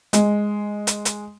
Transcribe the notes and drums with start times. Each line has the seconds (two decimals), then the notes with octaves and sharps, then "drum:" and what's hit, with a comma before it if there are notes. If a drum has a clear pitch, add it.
0.13 G#3, drum: hi-hat
0.87 drum: hi-hat
1.05 drum: hi-hat